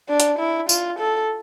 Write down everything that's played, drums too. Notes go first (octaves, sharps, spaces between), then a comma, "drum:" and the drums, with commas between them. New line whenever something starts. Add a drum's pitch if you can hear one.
D4
drum: hi-hat
E4
F4, drum: tambourine
A4